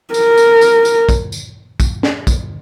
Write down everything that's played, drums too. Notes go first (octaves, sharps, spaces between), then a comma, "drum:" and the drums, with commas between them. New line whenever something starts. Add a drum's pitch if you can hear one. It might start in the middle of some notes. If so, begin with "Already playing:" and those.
A#4, drum: tambourine
drum: tambourine
drum: tambourine
drum: tambourine
drum: kick, tambourine
drum: tambourine
drum: kick, tambourine
drum: snare
drum: kick, tambourine